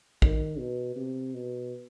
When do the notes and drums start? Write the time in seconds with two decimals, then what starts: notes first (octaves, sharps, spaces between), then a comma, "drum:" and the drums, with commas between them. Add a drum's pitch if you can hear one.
0.22 D#3, drum: kick
0.59 B2
0.96 C3
1.34 B2